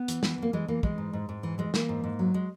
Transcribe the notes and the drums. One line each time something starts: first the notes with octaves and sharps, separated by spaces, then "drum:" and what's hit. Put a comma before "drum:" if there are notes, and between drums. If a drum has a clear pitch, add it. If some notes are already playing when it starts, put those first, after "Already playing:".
Already playing: B3
E3, drum: hi-hat
E3, drum: snare
E3 A#3
E3 G#3
E3 A#3
E3 G#3, drum: kick
G#2
G#2
G#2
E3
E3 G#3
E3 A#3, drum: snare
G#2
G#2
F#3
G#3